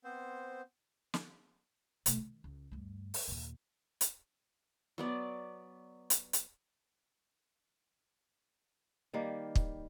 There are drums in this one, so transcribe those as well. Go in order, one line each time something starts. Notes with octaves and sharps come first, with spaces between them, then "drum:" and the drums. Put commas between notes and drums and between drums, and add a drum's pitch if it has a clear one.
B3 C4 C5
drum: snare
B2 A3, drum: hi-hat
D#3
C#2
D2 G2
drum: open hi-hat
D#2 A#2
drum: hi-hat
F#3 B3 D5
drum: hi-hat
drum: hi-hat
D#3 G3 A#3
drum: kick